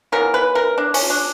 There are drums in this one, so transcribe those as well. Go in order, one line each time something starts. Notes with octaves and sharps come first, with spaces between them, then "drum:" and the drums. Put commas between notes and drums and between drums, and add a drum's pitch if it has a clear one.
C#3 E3 B3 A#4
B4
A#4
D4
C#4, drum: open hi-hat
D4